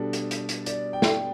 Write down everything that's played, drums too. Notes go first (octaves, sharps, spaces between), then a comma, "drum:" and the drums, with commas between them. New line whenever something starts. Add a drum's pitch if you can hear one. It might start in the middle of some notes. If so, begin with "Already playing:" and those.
Already playing: B2 G3 D4 A4
drum: hi-hat
drum: hi-hat
drum: hi-hat
D5, drum: hi-hat
G5
drum: snare